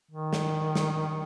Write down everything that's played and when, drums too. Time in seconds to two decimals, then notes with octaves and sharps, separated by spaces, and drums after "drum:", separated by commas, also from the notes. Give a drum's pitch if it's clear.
0.11 D#3
0.33 drum: snare
0.75 drum: snare